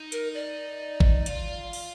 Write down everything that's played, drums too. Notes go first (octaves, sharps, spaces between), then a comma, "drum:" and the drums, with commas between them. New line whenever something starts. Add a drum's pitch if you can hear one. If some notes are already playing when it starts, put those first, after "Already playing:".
Already playing: D#4
A#4, drum: hi-hat
D5
drum: kick G#1
F4, drum: hi-hat
drum: open hi-hat